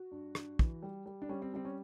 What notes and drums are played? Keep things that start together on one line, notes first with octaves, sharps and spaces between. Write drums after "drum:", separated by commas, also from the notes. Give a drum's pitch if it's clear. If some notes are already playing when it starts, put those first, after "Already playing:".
Already playing: F#4
G2
G2, drum: rim click
E3, drum: kick
G3
G3
D4
G3 C#4
C4
G3 C4
C#4